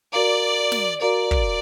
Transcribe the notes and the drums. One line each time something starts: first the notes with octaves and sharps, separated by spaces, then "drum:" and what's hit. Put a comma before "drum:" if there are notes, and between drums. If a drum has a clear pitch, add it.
F#4 A#4 D5 F5 A#5 D6
drum: snare
F#4 A#4 D5 F5 A#5 D6
drum: kick